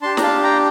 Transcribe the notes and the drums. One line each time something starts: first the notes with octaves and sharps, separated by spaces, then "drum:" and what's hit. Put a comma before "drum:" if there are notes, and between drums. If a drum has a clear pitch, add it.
D4 G4 A5 C6
A#5, drum: snare
F5 A5
G5 A#5